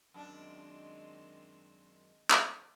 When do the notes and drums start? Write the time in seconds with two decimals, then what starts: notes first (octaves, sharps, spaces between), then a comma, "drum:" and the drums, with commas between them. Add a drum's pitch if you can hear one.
0.14 F#2 D#3 G#3 C4 D4
2.31 drum: clap